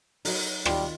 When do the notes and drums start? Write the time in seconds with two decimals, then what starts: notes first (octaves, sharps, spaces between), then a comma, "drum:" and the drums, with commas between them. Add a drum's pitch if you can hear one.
0.25 F#3 D#4, drum: open hi-hat
0.65 D#3 G3 F4, drum: rim click